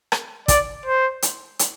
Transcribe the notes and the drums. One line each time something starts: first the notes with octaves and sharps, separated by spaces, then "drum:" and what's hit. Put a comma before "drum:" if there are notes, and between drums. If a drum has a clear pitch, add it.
drum: rim click
D5, drum: kick, hi-hat
C5
drum: hi-hat
drum: hi-hat